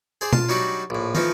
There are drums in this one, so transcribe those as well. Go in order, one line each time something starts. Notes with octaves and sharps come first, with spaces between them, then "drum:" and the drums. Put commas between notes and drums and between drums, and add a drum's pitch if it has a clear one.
G#4 C5 D5
F4 A5 C6, drum: tom B2
F#3 G3 D4 D#4 F#4 D5
A#1 A2
E3 F3 A3 D#4 F4 D#5, drum: tom